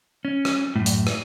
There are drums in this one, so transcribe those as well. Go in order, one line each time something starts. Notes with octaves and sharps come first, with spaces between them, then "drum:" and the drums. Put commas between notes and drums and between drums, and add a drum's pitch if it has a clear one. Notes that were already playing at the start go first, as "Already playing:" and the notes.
C#4
drum: rim click
F#2 A2
drum: hi-hat
drum: rim click